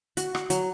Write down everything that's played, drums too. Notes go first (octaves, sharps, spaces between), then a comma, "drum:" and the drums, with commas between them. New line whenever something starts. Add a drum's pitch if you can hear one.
F#4, drum: hi-hat
F#4, drum: rim click
F#3, drum: hi-hat